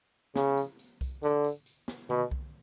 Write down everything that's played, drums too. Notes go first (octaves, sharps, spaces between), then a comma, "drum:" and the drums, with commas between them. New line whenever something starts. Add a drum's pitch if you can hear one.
C#3, drum: snare
drum: tambourine
drum: tambourine
drum: kick C2, tambourine
D3, drum: tambourine
drum: tambourine
drum: tambourine
drum: snare
B2, drum: tom D3
drum: kick C2